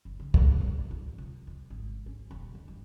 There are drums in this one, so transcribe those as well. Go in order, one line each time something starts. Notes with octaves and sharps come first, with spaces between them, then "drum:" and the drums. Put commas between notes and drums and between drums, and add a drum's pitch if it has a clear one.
F#1
C#3
G2, drum: kick
A1
F4
C3
F2
G#1
C#4
D#1
D#2
G2